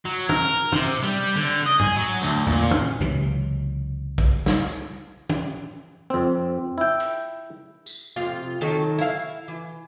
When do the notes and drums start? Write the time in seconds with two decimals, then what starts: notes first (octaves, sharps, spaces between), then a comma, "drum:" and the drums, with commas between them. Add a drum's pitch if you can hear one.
0.05 F#3
0.29 A#4, drum: tom
0.72 C3, drum: tom
1.03 G3
1.36 D3, drum: hi-hat
1.66 D#5
1.80 G#4, drum: tom G#2
1.96 F#3
2.22 D2, drum: tambourine
2.47 A#2, drum: tom E2
2.71 drum: tom
3.00 C#2 C3 E3 F#3
4.18 drum: kick
4.46 drum: snare
5.30 drum: tom
6.10 F2 C4
6.78 E4 G5
7.00 drum: hi-hat
7.86 drum: tambourine
8.16 F2 C3 F4
8.61 D#3 F#3 A4
8.99 E4 F5
9.48 E3